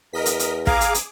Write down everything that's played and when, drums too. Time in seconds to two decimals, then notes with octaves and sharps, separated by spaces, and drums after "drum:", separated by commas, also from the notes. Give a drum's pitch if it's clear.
0.13 E2 A#4 D#5 B6
0.26 drum: hi-hat
0.39 drum: hi-hat
0.67 G#4 F5 A#5 D6, drum: kick
0.81 drum: hi-hat
0.94 drum: hi-hat